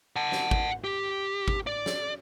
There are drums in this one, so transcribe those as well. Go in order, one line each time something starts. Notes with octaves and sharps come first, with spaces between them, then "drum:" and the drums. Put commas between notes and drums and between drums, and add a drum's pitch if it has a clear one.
F#5 A5
drum: snare
drum: kick
G4
drum: kick
D5
drum: snare